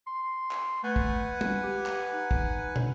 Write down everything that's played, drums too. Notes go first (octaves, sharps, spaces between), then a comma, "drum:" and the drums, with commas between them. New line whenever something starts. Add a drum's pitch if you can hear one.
C6
drum: clap
A3 B4 F#5 G#5
drum: kick
drum: tom
G4
drum: clap
D#4
drum: kick
drum: tom